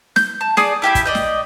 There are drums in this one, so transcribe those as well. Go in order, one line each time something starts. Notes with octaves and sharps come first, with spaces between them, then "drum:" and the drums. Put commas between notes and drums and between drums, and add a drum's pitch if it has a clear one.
G6, drum: snare
A5
G#4 D5 D#6, drum: snare
E4 G4 E5 B5
drum: kick, hi-hat
D5 D#5 G5
drum: snare